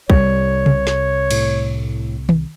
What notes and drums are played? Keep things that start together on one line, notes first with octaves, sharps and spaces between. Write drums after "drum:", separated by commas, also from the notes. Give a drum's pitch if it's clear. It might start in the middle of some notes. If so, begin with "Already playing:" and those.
C2 G3 C#5, drum: kick
drum: tom C3
drum: snare
A2, drum: cymbal
drum: tom D#3